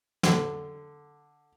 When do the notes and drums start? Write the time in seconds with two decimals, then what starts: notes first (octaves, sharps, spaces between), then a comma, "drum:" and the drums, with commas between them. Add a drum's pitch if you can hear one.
0.23 D3, drum: snare